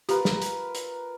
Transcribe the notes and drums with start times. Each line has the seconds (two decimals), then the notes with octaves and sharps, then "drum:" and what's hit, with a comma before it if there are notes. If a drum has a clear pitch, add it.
0.09 F4 G4 A#4 B4, drum: hi-hat
0.25 drum: snare
0.42 drum: hi-hat
0.75 drum: hi-hat